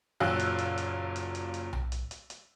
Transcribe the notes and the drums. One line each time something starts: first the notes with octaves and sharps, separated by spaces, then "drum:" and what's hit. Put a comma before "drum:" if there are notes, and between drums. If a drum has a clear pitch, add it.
F#1 A#2 F#3 F5 E6 F#6
drum: hi-hat
drum: hi-hat
drum: hi-hat
drum: hi-hat
drum: hi-hat
drum: hi-hat
drum: tom B1
drum: hi-hat
drum: hi-hat
drum: hi-hat